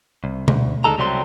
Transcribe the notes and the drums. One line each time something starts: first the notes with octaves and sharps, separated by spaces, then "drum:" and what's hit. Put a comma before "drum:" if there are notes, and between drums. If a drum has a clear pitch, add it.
C2
D2, drum: tom B2
D2 G#3 D#4 A4 A#5
C2 C3 F#3 G3 C4 C6